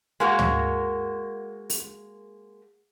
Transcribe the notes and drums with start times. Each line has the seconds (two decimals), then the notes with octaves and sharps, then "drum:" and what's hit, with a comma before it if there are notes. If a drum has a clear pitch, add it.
0.20 G#3 A#3 F#4 A#4
0.39 drum: tom
1.70 drum: open hi-hat